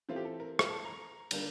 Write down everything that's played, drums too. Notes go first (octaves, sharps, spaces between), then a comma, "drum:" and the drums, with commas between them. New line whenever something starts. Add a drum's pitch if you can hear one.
E3 A3 C4 F4
G4
A4
A#4
F5, drum: rim click
A5
A#5
D3 G3 A#3 D4, drum: cymbal